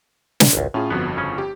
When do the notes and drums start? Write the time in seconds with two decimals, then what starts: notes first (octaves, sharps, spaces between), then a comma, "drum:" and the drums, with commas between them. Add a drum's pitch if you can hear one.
0.40 drum: snare
0.53 G#1 C#2
0.74 A2 C#4 F4 G#4
0.90 G1 F2 B3 F#4
1.17 C#3 C#4
1.38 G4